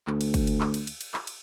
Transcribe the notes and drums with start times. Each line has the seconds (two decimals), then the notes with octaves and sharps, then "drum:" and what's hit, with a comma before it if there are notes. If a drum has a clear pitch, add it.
0.07 D2, drum: clap
0.21 drum: cymbal
0.34 drum: kick, cymbal
0.47 drum: cymbal
0.61 drum: clap
0.74 drum: cymbal
0.87 drum: cymbal
1.01 drum: cymbal
1.14 drum: clap
1.27 drum: cymbal